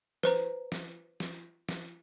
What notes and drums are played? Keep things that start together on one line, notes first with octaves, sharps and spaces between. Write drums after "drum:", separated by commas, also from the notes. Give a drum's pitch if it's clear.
B4 C5 A#5, drum: snare
drum: snare
drum: snare
drum: snare